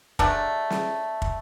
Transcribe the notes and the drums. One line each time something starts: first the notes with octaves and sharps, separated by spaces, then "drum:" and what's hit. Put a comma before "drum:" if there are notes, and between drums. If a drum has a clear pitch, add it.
F#3 G#3 A3 D4, drum: kick
drum: snare
drum: kick